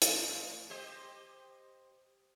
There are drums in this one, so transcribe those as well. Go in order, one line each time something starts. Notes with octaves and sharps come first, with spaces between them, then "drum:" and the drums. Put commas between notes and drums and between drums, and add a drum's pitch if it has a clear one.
A2 F3, drum: hi-hat
G4 C5 D#5